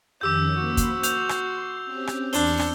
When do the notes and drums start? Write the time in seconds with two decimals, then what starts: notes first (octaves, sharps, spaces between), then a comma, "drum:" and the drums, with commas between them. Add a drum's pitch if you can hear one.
0.21 F2 D#3 C#4 G4 D6 E6 G6
0.56 A#3 F#4 C5 B5
0.77 drum: kick, hi-hat
1.03 C6 G6 F7, drum: hi-hat
1.29 drum: rim click
1.86 C4 C#4 G4
2.07 drum: rim click
2.33 E2 C4 D4 F6 C#7 G7, drum: open hi-hat
2.60 drum: rim click